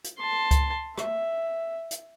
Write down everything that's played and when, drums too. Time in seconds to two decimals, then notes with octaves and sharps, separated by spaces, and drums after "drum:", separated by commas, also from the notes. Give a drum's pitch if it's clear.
0.04 drum: hi-hat
0.19 A5 C6
0.51 drum: kick C#2, hi-hat
0.98 E5, drum: rim click
1.91 drum: hi-hat